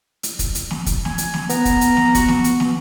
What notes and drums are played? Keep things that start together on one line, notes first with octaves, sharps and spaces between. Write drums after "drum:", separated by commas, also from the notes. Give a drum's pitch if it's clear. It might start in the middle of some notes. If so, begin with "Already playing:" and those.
drum: hi-hat
drum: kick, hi-hat
drum: hi-hat
drum: snare
drum: kick, hi-hat
G#5, drum: snare
drum: hi-hat
drum: snare
B3 A#5, drum: hi-hat
drum: kick, hi-hat
drum: hi-hat
drum: snare
F#4, drum: kick, hi-hat
drum: snare
drum: hi-hat
drum: snare